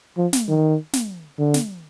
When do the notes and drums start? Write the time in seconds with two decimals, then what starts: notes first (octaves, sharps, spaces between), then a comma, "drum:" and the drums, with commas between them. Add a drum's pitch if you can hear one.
0.18 F3
0.33 drum: snare
0.48 D#3
0.93 drum: snare
1.39 D3
1.54 drum: snare